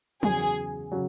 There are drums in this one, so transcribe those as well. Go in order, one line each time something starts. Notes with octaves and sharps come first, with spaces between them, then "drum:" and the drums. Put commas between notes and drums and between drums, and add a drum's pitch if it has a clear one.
E2 C#3 F#3 G#4, drum: tom
C#3 F#3